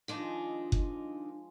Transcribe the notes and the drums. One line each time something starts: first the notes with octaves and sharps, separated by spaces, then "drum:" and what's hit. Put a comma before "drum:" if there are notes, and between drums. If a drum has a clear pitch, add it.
D#3 F3 G#3 D4 D#4 G#5
drum: kick F#1